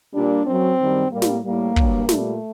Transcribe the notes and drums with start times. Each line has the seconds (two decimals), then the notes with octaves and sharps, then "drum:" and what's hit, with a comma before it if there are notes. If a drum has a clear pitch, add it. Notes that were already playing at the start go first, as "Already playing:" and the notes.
0.14 A#2 G3 D4
0.46 F#2 F#3 C4
0.78 F#2 D#3 G3
1.11 A2 G3 A#3
1.22 drum: snare
1.44 A2 G3 A#3
1.76 G2 F#3, drum: kick
2.09 A#2 G3 A3, drum: snare